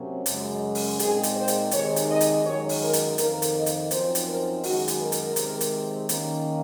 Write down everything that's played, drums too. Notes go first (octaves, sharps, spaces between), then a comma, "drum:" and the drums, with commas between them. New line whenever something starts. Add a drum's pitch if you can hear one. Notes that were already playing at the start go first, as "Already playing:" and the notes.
Already playing: C3 F#3 A#3 C#4
F#2 C#3 G#3, drum: hi-hat
drum: open hi-hat
A#2 G#3 C4 D#4 G#4, drum: hi-hat
drum: hi-hat
C5
drum: hi-hat
C3 D#3 G#3 D#4 C#5, drum: hi-hat
drum: hi-hat
D#5
drum: hi-hat
F#2 D#3 G#3 D#4 C#5
drum: open hi-hat
A#4
drum: hi-hat
F2 D#3 A#3 A#4, drum: hi-hat
drum: hi-hat
D#5
drum: hi-hat
F#2 F3 C4 D#4 C5, drum: hi-hat
drum: hi-hat
A#4
F#2 D#3 G#3 F#4, drum: open hi-hat
drum: hi-hat
A#4
drum: hi-hat
C3 D#3 G#3, drum: hi-hat
drum: hi-hat
D#3 A#3 C#4, drum: hi-hat